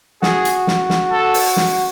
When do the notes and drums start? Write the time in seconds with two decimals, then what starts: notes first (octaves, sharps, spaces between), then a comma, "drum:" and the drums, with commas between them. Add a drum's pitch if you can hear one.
0.22 F#4 G#4, drum: snare
0.45 drum: hi-hat
0.67 drum: snare
0.90 drum: snare
1.12 A4
1.34 drum: open hi-hat
1.56 drum: snare